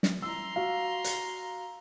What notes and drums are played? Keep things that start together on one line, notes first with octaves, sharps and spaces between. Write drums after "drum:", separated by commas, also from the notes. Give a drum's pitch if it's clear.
drum: snare
E4 A#5 C6 E6
F#4 F5
drum: hi-hat